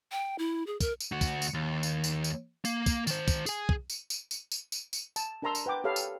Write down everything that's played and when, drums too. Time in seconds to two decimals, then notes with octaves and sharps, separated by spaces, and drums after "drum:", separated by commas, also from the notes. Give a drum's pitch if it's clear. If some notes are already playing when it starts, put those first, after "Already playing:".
0.11 G5
0.38 E4
0.67 G#4
0.80 A#4, drum: kick, tambourine
1.00 drum: tambourine
1.12 D2 F#4
1.21 drum: kick, tambourine
1.42 drum: tambourine
1.54 D#2
1.83 drum: tambourine
2.04 drum: tambourine
2.24 drum: tambourine
2.65 A#3, drum: tambourine
2.86 drum: kick, tambourine
3.07 D#3 C5, drum: tambourine
3.28 drum: kick, tambourine
3.46 G#4 G#5, drum: tambourine
3.69 drum: kick
3.90 drum: tambourine
4.10 drum: tambourine
4.31 drum: tambourine
4.52 drum: tambourine
4.72 drum: tambourine
4.93 drum: tambourine
5.16 A5, drum: tambourine
5.42 D4 A#4 A5 A#5 C6 E6
5.55 drum: tambourine
5.66 B4 F#5 G5 D6
5.84 G4 A4 C#5 F5 B5
5.96 drum: tambourine